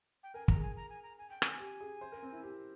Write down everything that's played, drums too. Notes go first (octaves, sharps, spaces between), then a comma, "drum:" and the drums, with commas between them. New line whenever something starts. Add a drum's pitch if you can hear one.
G5
A#4 G#5
A#5, drum: kick
G#4
G#5
A#5
G#5
A#5
G#5
G5
G#5, drum: rim click
G4
G#4
C5
A#4
C4
E4
G4